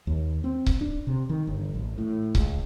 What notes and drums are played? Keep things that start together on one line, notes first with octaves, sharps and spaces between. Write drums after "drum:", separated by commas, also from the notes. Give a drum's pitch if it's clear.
D#2
C4
drum: kick C#1
D4
C3
D#3
G1
A1
A2
C#2, drum: kick C#1